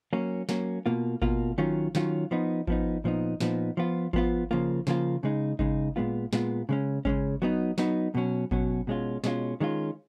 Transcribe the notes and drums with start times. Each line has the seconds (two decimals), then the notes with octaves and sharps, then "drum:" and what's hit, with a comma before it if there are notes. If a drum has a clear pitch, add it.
0.13 F#3 A#3 C#4
0.49 F#3 A#3 C#4, drum: snare
0.86 B2 A#3 F4
1.22 B2 A#3 F4, drum: kick G#1
1.58 D#3 F#3 C#4 F4
1.95 D#3 F#3 C#4 F4, drum: snare
2.31 F3 B3 D#4
2.68 F3 B3 D#4, drum: kick G#1
3.04 A#2 F3 B3 D#4
3.40 A#2 F3 B3 D#4, drum: snare
3.77 F3 B3 F4
4.13 F3 B3 F4, drum: kick G#1
4.51 C#3 F3 A#3 F4
4.87 C#3 F3 A#3 F4, drum: snare
5.23 C#3 G#3 D#4
5.59 C#3 G#3 D#4, drum: kick G#1
5.96 A#2 G#3 B3 F4
6.33 A#2 G#3 B3 F4, drum: snare
6.69 C#3 G#3 C#4
7.05 C#3 G#3 C#4, drum: kick G#1
7.42 F#3 B3 D#4
7.78 F#3 B3 D#4, drum: snare
8.15 B2 F#3 C#4
8.51 B2 F#3 C#4, drum: kick G#1
8.87 B2 G#3 C#4 F4
9.24 B2 G#3 C#4 F4, drum: snare
9.60 D#3 G#3 C#4 F4